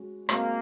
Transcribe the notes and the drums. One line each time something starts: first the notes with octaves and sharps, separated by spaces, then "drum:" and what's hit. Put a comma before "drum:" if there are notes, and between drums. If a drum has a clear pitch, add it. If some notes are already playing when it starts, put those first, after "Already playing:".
Already playing: G#3 C#4 F#4
G#3 A#3 C4 F#4 C5, drum: rim click